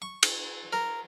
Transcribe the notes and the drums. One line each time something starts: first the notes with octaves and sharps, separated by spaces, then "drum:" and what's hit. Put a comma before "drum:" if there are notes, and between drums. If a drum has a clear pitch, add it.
C#6
drum: cymbal
A#4